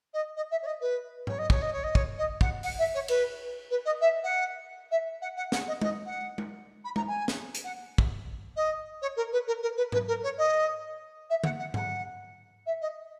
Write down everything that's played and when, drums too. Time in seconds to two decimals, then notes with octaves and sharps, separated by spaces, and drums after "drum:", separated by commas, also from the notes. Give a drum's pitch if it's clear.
0.13 D#5
0.36 D#5
0.50 E5
0.62 C#5
0.65 D#5
0.80 B4
1.27 C#5, drum: tom G#2
1.38 D#5
1.50 C#5, drum: kick
1.61 D#5
1.72 C#5
1.83 D#5
1.95 C#5, drum: kick
2.17 D#5
2.41 F#5, drum: kick
2.63 F#5, drum: open hi-hat
2.78 E5
2.94 C#5
3.08 B4, drum: cymbal
3.70 B4
3.85 D#5
4.00 E5
4.23 F#5
4.90 E5
5.21 F#5
5.36 F#5
5.52 F#5, drum: snare
5.67 D#5
5.81 D#5, drum: tom G#3
6.05 F#5
6.38 drum: tom G#3
6.84 B5
6.96 A#5, drum: tom G#3
7.07 G#5
7.28 drum: snare
7.54 drum: hi-hat
7.64 F#5
7.98 drum: kick
8.56 D#5
9.01 C#5
9.16 A#4
9.32 B4
9.47 A#4
9.61 A#4
9.76 B4
9.92 B4, drum: tom G#2
10.07 A#4
10.23 C#5
10.37 D#5
11.29 E5
11.44 F#5, drum: tom D3
11.58 F#5
11.74 F#5, drum: tom G#2
12.66 E5
12.81 D#5